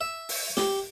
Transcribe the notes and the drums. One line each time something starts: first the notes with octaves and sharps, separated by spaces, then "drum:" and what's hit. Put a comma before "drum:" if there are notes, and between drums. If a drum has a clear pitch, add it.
E5
drum: open hi-hat
G4, drum: snare